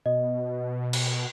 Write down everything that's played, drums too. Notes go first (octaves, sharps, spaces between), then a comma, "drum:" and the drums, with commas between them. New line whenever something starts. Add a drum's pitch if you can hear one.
B2 D#5
drum: cymbal